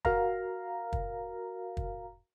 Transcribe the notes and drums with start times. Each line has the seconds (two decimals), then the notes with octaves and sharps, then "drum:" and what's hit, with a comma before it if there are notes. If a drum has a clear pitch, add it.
0.05 F#4 A#4 F5 A#5, drum: kick
0.93 drum: kick
1.77 drum: kick